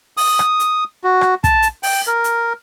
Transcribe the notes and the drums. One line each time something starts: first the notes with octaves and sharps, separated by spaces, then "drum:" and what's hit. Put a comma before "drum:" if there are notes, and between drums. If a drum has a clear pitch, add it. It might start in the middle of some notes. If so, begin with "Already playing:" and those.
D#6, drum: open hi-hat
drum: rim click
drum: hi-hat
F#4
drum: rim click
A5, drum: kick, hi-hat
drum: hi-hat
G5, drum: open hi-hat
A#4
drum: hi-hat